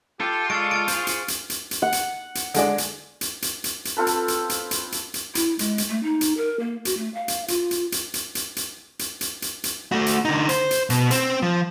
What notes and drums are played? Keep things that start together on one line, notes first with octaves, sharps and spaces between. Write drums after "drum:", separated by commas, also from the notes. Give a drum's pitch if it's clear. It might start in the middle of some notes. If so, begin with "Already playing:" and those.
F4 G4 A4
G#3 A4 D5 C#6 F6 A6 D7
F6 A6 D7
G#4 C5, drum: hi-hat
drum: hi-hat
drum: hi-hat
drum: hi-hat
drum: hi-hat
F#5
drum: hi-hat
drum: hi-hat
D3 G#3 D4, drum: hi-hat
drum: hi-hat
drum: hi-hat
drum: hi-hat
drum: hi-hat
drum: hi-hat
C4 F4 A4 B4
drum: hi-hat
drum: hi-hat
drum: hi-hat
drum: hi-hat
drum: hi-hat
drum: hi-hat
E4, drum: hi-hat
G#3, drum: hi-hat
drum: hi-hat
A3
D#4
drum: hi-hat
A#4
A#3
F#4, drum: hi-hat
A3
F5
drum: hi-hat
F4, drum: hi-hat
drum: hi-hat
drum: hi-hat
drum: hi-hat
drum: hi-hat
drum: hi-hat
drum: hi-hat
drum: hi-hat
drum: hi-hat
drum: hi-hat
A3 F#4
drum: hi-hat
D3 D#4
C5, drum: hi-hat
drum: hi-hat
B2, drum: hi-hat
C4, drum: hi-hat
F3